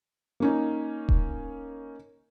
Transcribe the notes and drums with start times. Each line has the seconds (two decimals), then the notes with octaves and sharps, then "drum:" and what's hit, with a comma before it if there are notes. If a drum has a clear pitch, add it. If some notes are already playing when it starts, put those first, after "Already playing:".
0.40 A#3 C#4 D#4
1.09 drum: kick D#1